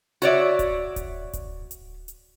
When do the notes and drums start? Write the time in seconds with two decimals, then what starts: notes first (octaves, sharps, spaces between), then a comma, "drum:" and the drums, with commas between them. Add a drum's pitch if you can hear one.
0.22 F#4 C#5 D5 E5, drum: hi-hat
0.59 drum: kick D1, hi-hat
0.96 drum: kick D1, hi-hat
1.33 drum: kick D1, hi-hat
1.71 drum: hi-hat
2.08 drum: hi-hat